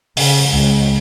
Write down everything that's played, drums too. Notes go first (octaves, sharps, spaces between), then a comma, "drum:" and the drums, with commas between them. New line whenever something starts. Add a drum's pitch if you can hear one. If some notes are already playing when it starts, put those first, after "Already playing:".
C#3, drum: open hi-hat
C#2